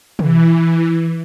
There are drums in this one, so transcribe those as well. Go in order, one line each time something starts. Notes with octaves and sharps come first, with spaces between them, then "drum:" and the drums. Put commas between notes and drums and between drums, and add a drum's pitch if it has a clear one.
E3, drum: tom